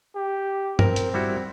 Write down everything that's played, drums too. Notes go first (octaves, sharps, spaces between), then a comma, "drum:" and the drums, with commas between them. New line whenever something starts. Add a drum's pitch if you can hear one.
G4
C4 A#4, drum: tom G2
drum: hi-hat
G3 E4 F#4